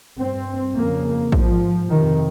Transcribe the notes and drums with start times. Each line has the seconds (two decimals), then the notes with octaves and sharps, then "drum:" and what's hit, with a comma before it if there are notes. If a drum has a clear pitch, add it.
0.18 G2 C4
0.75 F2 C#3 A#3
1.32 G#2 F3, drum: kick
1.89 F2 C3 D#3